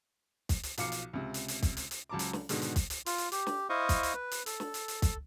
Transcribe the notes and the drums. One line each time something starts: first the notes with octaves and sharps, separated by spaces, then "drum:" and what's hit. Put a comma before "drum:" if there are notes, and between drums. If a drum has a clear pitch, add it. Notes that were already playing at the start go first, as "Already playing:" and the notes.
drum: kick, hi-hat
drum: hi-hat
B1 F3 F5 D6 C7 C#7, drum: hi-hat
drum: hi-hat
C#2 C3
drum: hi-hat
drum: hi-hat
drum: kick, hi-hat
drum: hi-hat
drum: hi-hat
C#2 F#3 A5 A#5 D6
drum: hi-hat
drum: snare
G#2 B2 D3 D#3, drum: hi-hat
drum: hi-hat
drum: kick, hi-hat
drum: hi-hat
F4, drum: hi-hat
drum: hi-hat
G4, drum: hi-hat
drum: snare
E4 C5 D#5 F5 C#6 D#6
drum: kick, hi-hat
drum: hi-hat
B4
drum: hi-hat
A4, drum: hi-hat
drum: snare
drum: hi-hat
drum: hi-hat
drum: kick, hi-hat